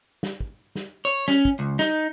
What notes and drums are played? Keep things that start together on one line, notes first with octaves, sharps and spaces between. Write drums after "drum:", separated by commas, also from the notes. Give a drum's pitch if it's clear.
drum: snare
drum: kick
drum: snare
C#5
C#4, drum: snare
drum: kick
C#2
D#4, drum: snare